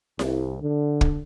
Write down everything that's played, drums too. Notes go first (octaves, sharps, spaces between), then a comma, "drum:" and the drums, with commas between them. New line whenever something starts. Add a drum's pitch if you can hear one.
C2, drum: snare E4
D3
drum: kick